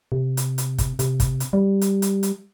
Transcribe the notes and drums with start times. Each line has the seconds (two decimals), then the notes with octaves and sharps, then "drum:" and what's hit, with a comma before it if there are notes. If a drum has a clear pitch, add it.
0.12 C3
0.37 drum: hi-hat
0.58 drum: hi-hat
0.78 drum: kick, hi-hat
0.99 C3, drum: hi-hat
1.20 drum: kick, hi-hat
1.40 drum: hi-hat
1.53 G3
1.81 drum: hi-hat
2.02 drum: hi-hat
2.23 drum: hi-hat